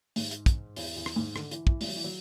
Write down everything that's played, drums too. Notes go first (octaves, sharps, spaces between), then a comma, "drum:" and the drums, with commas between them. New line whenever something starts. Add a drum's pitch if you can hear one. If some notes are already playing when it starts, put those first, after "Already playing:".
G#2, drum: open hi-hat
drum: hi-hat
drum: kick, hi-hat
E2, drum: open hi-hat
E2
drum: rim click
G#2
D3, drum: rim click
E3, drum: hi-hat
E3, drum: kick
G#3, drum: open hi-hat
F#3
E3
F#3